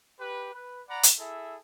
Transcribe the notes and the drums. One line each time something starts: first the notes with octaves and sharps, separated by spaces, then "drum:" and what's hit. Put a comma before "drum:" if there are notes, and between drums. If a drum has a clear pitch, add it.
G4 B4
B4
D5 F#5 A#5 B5
drum: hi-hat
E4 G#4 A4 E5